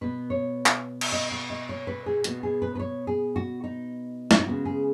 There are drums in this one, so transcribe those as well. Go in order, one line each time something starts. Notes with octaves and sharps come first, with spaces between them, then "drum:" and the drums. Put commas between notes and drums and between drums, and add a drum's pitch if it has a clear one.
B2 B3 B4
C#5
drum: clap
drum: cymbal
D#5
F#5
D#5
C#5
B4
G#4
B2 B3 F#4, drum: hi-hat
G#4
B4
B4
C#5
G#4
F#4
D#4
C#4, drum: snare
D#4
C#3 G#3 B3 F#4
G#4